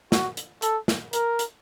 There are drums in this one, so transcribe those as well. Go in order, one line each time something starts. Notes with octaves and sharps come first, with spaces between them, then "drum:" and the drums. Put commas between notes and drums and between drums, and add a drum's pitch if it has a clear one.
F#4, drum: snare
drum: hi-hat
A4, drum: hi-hat
drum: snare
A#4, drum: hi-hat
drum: hi-hat